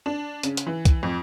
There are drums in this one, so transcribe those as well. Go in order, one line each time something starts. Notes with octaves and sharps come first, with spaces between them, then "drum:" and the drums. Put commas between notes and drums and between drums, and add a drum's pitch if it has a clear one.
D4
C#3, drum: hi-hat
drum: hi-hat
E3
drum: kick C2, hi-hat
F2